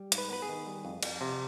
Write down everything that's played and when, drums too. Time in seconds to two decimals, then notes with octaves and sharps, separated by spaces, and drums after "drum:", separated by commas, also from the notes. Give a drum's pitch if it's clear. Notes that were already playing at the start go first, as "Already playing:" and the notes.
Already playing: G3
0.12 G#2, drum: hi-hat
0.18 B4
0.30 B3 B4
0.42 G#4
0.49 D#3
0.66 G3
0.85 F2
1.03 F2, drum: cymbal
1.21 C3